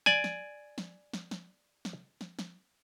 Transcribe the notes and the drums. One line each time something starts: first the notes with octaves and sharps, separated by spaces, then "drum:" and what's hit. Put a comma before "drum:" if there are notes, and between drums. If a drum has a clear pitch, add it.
D5 G#5, drum: snare
drum: snare
drum: snare
drum: snare
drum: snare
drum: snare
drum: snare
drum: snare